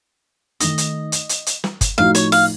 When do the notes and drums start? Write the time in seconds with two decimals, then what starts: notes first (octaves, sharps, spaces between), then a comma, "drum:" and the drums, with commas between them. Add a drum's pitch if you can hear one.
0.60 D#3 A3 D#4 D#5, drum: hi-hat
0.78 drum: hi-hat
1.12 drum: hi-hat
1.29 drum: hi-hat
1.46 drum: hi-hat
1.64 drum: snare
1.81 drum: kick, hi-hat
1.98 A2 F3 A3 D#4 F#4 F5
2.15 C#5, drum: hi-hat
2.32 F5, drum: open hi-hat